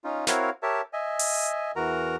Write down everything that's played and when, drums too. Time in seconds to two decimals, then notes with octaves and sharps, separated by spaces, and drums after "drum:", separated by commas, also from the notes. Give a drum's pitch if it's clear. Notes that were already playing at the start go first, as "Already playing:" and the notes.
0.04 C#4 D#4 F4
0.27 C4 E4 F#4 A#4 C#5 F5, drum: snare
0.63 G4 A#4 C#5 E5 A5
0.93 D#5 E5 G#5
1.19 drum: open hi-hat
1.76 E2 E3 F#4 A#4 A#5